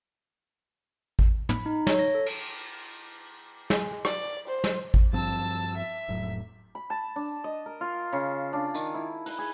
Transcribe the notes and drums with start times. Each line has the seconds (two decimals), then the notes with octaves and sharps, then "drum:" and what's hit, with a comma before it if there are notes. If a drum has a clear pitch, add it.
1.19 drum: kick G#1
1.49 B5, drum: tom
1.66 D#4
1.87 C#5, drum: snare
1.99 A#6
2.15 A4
2.26 drum: cymbal
3.70 G#3, drum: snare
4.05 D5, drum: rim click
4.48 C5
4.64 drum: snare
4.94 drum: kick G#1
5.13 G2 F3 C4 A5 E6
5.76 E5
6.08 F1 A2 F#3
6.75 B5
6.90 A5
7.16 D4
7.44 D#5
7.66 A#4
7.81 F4
8.13 C#3
8.53 D4
8.74 D#3, drum: tambourine
8.94 E4
9.26 B4, drum: open hi-hat
9.38 G#4